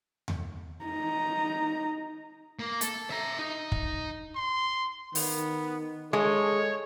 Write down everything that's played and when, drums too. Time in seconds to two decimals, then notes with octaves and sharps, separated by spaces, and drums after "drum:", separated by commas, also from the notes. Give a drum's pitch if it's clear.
0.28 drum: tom E2
0.85 D#4 A#5
2.59 A#3
2.81 A4, drum: hi-hat
3.10 E5 A#5
3.39 D#4
3.72 drum: kick
4.35 C6
5.15 D#3 B3, drum: open hi-hat
6.13 G#3 A4 C#5